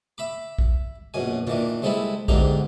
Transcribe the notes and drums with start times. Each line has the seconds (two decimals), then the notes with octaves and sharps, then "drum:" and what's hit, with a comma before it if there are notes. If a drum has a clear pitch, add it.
0.18 E5 B5 D6
0.58 drum: kick
1.14 A#1 F#2 B2 G#5
1.47 A#2 D#3 E3 D4, drum: tom
1.82 C2 G#3 C4 E4 A4 B5
2.28 E2 G#2 D3 C4 G4 A#5, drum: kick